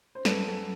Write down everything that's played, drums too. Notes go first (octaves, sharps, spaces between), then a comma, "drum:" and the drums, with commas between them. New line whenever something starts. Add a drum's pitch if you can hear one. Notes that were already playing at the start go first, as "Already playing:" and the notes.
C5
F#2 A4 B4, drum: snare
F#2